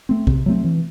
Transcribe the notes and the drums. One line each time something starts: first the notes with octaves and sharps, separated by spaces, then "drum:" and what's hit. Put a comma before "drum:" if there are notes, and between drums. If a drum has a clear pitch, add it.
A3 C4
C3, drum: kick
F#3 A3 C4
E3